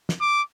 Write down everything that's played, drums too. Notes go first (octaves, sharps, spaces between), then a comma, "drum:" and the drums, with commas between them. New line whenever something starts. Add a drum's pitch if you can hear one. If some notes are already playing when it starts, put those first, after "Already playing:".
drum: snare
D6